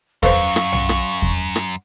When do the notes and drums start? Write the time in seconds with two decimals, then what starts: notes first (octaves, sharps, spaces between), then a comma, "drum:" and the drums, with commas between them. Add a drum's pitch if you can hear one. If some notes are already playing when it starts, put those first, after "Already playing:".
0.23 F#2 A4 B4 C5 F5 C#6, drum: kick E2
0.56 drum: rim click
0.72 drum: tom B1
0.89 drum: rim click
1.22 drum: kick E2
1.56 drum: rim click